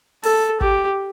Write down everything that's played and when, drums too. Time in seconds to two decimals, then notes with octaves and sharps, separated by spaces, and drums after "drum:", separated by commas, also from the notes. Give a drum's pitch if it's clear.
0.23 A4, drum: open hi-hat
0.61 G4, drum: kick